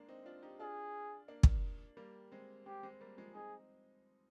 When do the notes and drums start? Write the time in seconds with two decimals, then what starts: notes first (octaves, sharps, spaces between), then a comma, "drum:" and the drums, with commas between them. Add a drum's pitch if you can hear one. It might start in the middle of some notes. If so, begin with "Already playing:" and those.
Already playing: G#3 A#3 D4
0.09 C4 D#4
0.26 D4 F4
0.43 D#4 G4
0.60 D4 F4 G#4
1.28 A#3 D4
1.43 drum: kick
1.97 G3 A#3
2.32 G#3 C4
2.66 G#3 C4 G4
2.83 G#3 C4
3.01 G3 A#3
3.18 F3 G#3
3.34 C4 D#4 G#4